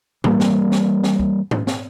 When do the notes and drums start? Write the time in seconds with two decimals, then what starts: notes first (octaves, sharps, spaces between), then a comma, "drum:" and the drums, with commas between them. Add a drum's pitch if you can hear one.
0.24 E3 G3 A#3, drum: tom
0.40 drum: snare
0.72 drum: snare
1.04 drum: snare
1.19 drum: kick
1.51 drum: tom
1.67 drum: snare